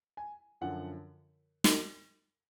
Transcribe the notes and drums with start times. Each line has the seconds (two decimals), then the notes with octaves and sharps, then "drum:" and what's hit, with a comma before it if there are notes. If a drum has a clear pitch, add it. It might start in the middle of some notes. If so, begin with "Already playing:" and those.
0.17 G#5
0.61 F#2 D3 F3 F#5
1.64 drum: snare